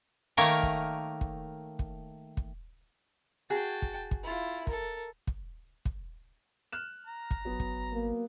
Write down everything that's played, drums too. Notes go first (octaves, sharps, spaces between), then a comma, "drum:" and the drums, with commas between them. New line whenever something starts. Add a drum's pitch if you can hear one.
D#3 A3 A#3 A#4 C#5
drum: kick
drum: kick
drum: kick
drum: kick
F#4 G#4 G5 A5
drum: kick
drum: kick
E4 F4
A4 A#4, drum: kick
drum: kick
drum: kick
F6 F#6 E7
A#5
drum: kick
G#1 F#3 B3
drum: kick
A#3